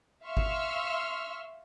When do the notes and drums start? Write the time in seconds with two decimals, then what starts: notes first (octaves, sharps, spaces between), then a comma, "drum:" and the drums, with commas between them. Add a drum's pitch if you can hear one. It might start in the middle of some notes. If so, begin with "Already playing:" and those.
0.25 E5 F5 C6 C#6 E6 F6
0.37 drum: kick G#1